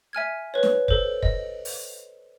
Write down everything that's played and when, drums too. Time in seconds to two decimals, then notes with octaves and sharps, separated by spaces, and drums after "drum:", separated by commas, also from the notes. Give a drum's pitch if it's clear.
0.13 E5 G#5 F6 G#6
0.54 B4 C#5
0.63 drum: snare
0.88 A4 C5, drum: kick
1.23 D#5, drum: kick
1.65 drum: open hi-hat